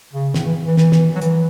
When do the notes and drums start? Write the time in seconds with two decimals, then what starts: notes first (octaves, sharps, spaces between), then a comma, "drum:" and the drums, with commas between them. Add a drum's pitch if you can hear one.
0.13 C#3
0.34 A2, drum: snare
0.45 E3
0.67 E3
0.77 E3, drum: snare
0.92 drum: snare
1.15 F#3
1.21 E3, drum: hi-hat